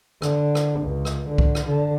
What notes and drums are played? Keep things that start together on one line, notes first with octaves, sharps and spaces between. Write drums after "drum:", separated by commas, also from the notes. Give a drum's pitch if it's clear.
D3, drum: rim click
drum: rim click
C#2
drum: rim click
D3
drum: kick C2
drum: rim click
D3